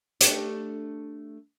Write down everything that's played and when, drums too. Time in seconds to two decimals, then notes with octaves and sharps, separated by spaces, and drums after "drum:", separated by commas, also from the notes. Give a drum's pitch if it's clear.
0.21 A3 D4 G4, drum: hi-hat